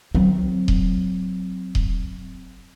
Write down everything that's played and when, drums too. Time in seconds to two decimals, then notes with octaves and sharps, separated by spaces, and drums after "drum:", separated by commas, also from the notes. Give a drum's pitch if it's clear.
0.15 F#3 C4
0.68 drum: kick D#1
1.75 drum: kick D#1